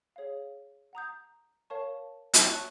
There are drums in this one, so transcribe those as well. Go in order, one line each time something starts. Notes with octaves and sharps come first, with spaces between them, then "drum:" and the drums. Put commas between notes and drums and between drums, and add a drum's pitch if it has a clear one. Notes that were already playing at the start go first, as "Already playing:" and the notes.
G#4 C#5 F5
F#5 A#5 D#6 G6
A#4 C#5 F5 A5 C#6
drum: hi-hat
C#5 E5 A5 C#6 F#6